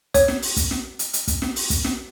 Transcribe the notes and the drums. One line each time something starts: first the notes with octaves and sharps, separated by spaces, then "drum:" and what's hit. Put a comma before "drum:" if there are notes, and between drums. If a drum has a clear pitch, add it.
C#5, drum: kick, hi-hat
drum: snare
drum: open hi-hat
drum: kick, hi-hat
drum: snare
drum: hi-hat
drum: hi-hat
drum: kick, hi-hat
drum: snare
drum: open hi-hat
drum: kick, hi-hat
drum: snare